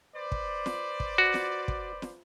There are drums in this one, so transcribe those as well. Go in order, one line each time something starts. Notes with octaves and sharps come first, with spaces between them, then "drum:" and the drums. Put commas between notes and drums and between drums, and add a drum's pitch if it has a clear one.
B4 C5 D5
drum: kick
drum: snare
drum: kick
F#4
drum: snare
drum: kick
drum: snare